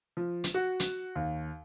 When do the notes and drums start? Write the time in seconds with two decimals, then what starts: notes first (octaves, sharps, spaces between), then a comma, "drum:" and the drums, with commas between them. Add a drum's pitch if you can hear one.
0.17 F3
0.44 drum: hi-hat
0.54 F#4
0.80 drum: hi-hat
1.15 D#2